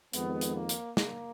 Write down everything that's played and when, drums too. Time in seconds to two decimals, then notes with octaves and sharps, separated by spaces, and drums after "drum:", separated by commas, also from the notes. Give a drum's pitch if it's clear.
0.13 F2 D#3 G#3 B3, drum: hi-hat
0.41 drum: hi-hat
0.55 A#3
0.69 drum: hi-hat
0.97 A#3, drum: snare